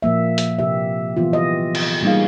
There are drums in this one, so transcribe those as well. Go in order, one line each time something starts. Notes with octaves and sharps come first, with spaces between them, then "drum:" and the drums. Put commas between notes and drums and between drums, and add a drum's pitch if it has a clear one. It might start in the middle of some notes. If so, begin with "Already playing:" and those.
A#2 F3 A#3 E5
drum: hi-hat
C3 G4 E5
E3 F#3 B3 F4
G4 D#5
drum: cymbal
G3 A#3 B3 D#4 G#4 F5